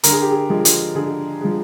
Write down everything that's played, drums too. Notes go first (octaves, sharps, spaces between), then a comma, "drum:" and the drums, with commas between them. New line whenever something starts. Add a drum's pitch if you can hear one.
D3 A#4, drum: hi-hat
G#4
G4
G#4
F3 G#3
drum: hi-hat
D3 G#4
F3 G#3